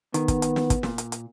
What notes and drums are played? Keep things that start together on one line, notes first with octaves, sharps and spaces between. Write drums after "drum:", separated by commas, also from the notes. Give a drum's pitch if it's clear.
D#3 B3, drum: hi-hat
drum: kick, hi-hat
drum: hi-hat
drum: snare
drum: kick, hi-hat
A#2, drum: snare
drum: hi-hat
drum: hi-hat